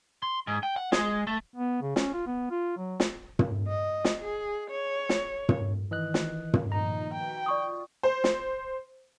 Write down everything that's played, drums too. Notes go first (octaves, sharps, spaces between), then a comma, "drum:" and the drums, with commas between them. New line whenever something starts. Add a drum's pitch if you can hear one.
C6
G#2
G5
F#5
G#3, drum: snare
A3
B3
C#3
C#4, drum: snare
F4
B3
F4
F#3
drum: snare
drum: tom
D#5
drum: snare
G#4
C#5
drum: snare
drum: tom
D#3 E3 D#5 F#6
drum: snare
drum: tom
A#2 D#3 F3 D#4 A#5
F#4 B4 G5
F4 D5 C#6 D#6
C5
drum: snare